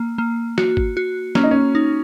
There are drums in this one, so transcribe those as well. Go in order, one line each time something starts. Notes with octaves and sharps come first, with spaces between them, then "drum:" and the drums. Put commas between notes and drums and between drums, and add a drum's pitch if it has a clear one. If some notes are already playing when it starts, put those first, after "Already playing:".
Already playing: A#3
A#3
F#4, drum: snare
drum: kick G#1
F#4
A#3 C#4, drum: snare
D#4
C#4
D#4